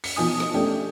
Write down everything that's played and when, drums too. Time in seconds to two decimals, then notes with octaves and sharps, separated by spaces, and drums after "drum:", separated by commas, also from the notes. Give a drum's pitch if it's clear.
0.04 B6 C#7, drum: open hi-hat
0.16 B2 F3 D#4 G#5 D#6
0.40 drum: rim click
0.54 A3 C#4 D4 G4